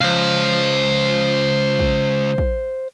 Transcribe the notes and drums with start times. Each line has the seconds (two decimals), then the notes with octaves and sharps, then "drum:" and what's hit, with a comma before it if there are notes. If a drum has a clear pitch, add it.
0.01 C#2 C5 F5
1.79 drum: kick
2.38 drum: kick